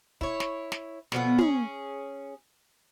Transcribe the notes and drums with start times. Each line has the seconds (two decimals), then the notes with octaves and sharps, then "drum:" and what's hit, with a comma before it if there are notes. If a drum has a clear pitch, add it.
0.21 E4 C#5, drum: kick
0.40 drum: snare
0.72 drum: snare
1.12 B2 D3 F3 B3, drum: snare
1.38 C#4 G#4, drum: tom